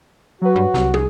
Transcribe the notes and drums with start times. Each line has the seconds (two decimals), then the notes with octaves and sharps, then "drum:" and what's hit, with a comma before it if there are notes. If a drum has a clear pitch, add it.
0.42 F#3 F#4 B4
0.56 G2
0.74 C2, drum: snare
0.94 G#4, drum: tom